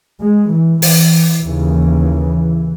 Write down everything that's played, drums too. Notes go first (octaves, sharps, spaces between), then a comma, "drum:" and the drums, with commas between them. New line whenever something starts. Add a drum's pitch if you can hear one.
G#3
E3
E3, drum: open hi-hat
D#2 C#3 E3